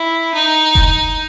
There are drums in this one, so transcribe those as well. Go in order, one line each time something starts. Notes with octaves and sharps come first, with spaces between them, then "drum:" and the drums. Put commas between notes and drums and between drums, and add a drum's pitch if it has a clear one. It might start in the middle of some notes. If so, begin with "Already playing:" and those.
Already playing: E4
D#4
drum: kick F1